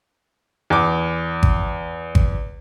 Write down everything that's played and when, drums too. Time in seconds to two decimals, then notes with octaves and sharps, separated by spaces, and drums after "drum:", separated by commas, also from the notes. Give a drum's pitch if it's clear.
0.70 E2 D6
1.43 drum: kick G#1
2.15 drum: kick G#1